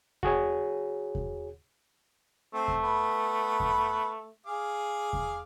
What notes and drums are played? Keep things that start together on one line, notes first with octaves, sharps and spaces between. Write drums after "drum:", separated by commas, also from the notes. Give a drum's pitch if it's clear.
F#4 G#4 C#5, drum: kick E2
drum: kick E2
A3 C4
drum: kick E2
B3 B4
drum: kick E2
G#4 F5 D6
drum: kick E2